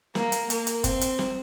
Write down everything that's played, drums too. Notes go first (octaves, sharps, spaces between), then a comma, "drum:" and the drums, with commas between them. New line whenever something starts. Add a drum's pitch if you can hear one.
A#3, drum: snare
drum: hi-hat
A#3, drum: hi-hat
drum: hi-hat
C4, drum: kick F#1, hi-hat
drum: hi-hat
drum: snare